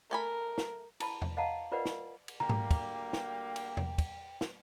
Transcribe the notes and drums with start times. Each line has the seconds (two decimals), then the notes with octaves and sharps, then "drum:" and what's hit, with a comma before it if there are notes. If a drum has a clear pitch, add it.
0.11 A3 A#4 G#5 B5
0.58 drum: snare
1.00 E4 A5 B5, drum: cymbal
1.22 drum: tom E2
1.37 D#5 F5 F#5 A5 A#5
1.72 F4 A#4 B4 D5 D#5 F#5
1.85 drum: snare
2.28 drum: cymbal
2.40 D2 G3 A#3 G5 A#5
2.49 drum: tom G#2
2.71 drum: kick, cymbal
3.13 drum: snare
3.56 drum: cymbal
3.77 drum: tom E2
3.98 drum: kick, cymbal
4.41 drum: snare